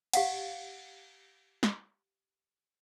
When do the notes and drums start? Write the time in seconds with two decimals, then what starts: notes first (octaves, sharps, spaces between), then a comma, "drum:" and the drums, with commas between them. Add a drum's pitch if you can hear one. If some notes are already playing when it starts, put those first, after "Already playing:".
0.13 G4 F5 F#5, drum: cymbal
1.63 drum: snare